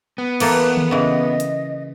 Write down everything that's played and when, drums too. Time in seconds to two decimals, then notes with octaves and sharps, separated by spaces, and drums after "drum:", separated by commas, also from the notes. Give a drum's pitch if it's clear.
0.18 B3
0.40 E3 A#3 A4 B4, drum: cymbal
0.77 drum: tom D#3
0.91 C#3 E3 D#5
1.40 drum: hi-hat